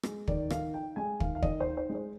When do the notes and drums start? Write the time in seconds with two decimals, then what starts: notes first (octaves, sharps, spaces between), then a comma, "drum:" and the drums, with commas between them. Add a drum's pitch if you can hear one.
0.03 G#3, drum: rim click
0.27 D#3 D5, drum: kick
0.50 D#3 F5, drum: rim click
0.74 D#4 G5
0.96 G#3 G#5
1.20 D#3 F5, drum: kick
1.35 F5
1.42 D#3 D#5, drum: kick
1.60 C5
1.67 D#4
1.77 C5
1.90 G#3
1.95 C5